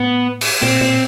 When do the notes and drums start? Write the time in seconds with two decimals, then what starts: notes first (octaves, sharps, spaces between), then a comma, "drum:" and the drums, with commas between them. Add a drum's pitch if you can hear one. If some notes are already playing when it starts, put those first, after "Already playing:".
Already playing: A2 B3
0.41 drum: open hi-hat
0.62 A#2 C4
0.81 A#2